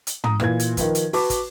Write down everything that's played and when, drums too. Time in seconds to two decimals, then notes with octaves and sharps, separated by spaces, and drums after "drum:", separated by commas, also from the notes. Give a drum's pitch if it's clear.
0.07 drum: hi-hat
0.24 A#5 D#6, drum: tom
0.40 A#2 E3 F4 G#6, drum: rim click
0.60 drum: hi-hat
0.77 D#3 F3 B4, drum: kick, hi-hat
0.95 drum: hi-hat
1.13 F#4 B4 A5 D6, drum: open hi-hat
1.30 drum: kick, hi-hat